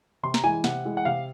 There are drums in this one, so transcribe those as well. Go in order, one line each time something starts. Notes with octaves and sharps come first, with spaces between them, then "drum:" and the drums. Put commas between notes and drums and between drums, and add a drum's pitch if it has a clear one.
C3 C6
A#5, drum: snare
E3 G#3 G#5
C3 F#5, drum: snare
E3 G#3
F#5
C3 F5